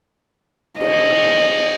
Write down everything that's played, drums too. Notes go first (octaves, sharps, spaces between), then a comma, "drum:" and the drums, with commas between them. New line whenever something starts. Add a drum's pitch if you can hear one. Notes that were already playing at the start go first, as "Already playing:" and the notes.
D#5, drum: cymbal